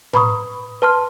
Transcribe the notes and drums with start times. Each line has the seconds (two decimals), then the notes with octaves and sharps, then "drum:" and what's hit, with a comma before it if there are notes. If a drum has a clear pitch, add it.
0.13 B4 A#5 B5 C#6 D#6, drum: tom A2
0.82 B4 A5 C6 F6